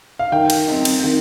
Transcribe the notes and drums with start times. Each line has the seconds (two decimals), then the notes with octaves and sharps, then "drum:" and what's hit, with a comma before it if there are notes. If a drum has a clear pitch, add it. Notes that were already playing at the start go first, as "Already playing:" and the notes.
0.19 F5
0.32 D#3 G5
0.50 drum: cymbal
0.68 C4 D#4
0.85 drum: cymbal
1.04 D#3